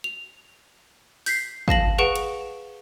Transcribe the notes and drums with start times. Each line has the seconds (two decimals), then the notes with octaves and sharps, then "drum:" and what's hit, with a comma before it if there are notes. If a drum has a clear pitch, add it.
0.04 F7
1.26 G6 B6 C7, drum: open hi-hat
1.68 F5 A5 A#6 F#7, drum: kick
1.98 G#4 B4 F#5 C#6 D7 E7
2.16 drum: cymbal